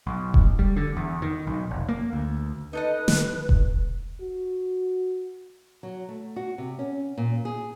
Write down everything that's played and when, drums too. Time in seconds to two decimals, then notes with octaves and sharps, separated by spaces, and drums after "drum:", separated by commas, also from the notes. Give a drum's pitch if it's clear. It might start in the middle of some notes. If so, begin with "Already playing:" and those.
0.07 B1
0.34 drum: kick E1
0.59 G3
0.77 D3
0.97 E2
1.22 D#3
1.47 B1
1.71 F1
1.89 A#3
2.13 D2
2.73 D#4 A4 B4 D#5
3.08 drum: snare
3.49 drum: kick E1
4.22 F#4
5.83 F#3
6.09 A3
6.36 F#4
6.58 C3
6.79 C#4
7.18 A#2
7.45 G#4